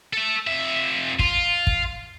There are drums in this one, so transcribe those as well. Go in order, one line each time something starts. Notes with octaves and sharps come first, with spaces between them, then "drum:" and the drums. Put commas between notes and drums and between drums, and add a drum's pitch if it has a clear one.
A4 E5
F2 E5
F4, drum: kick
drum: kick